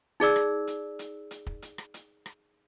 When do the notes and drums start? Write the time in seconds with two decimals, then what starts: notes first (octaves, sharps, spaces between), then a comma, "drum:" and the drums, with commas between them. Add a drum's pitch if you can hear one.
0.20 D#4 G#4 D5 E6
0.36 drum: rim click
0.67 drum: hi-hat
0.99 drum: hi-hat
1.31 drum: hi-hat
1.47 drum: kick
1.62 drum: hi-hat
1.78 drum: rim click
1.94 drum: hi-hat
2.26 drum: rim click